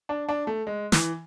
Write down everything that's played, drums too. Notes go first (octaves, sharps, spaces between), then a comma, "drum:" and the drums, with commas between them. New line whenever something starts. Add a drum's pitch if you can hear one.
D4
D4
A3
G#3
E3, drum: snare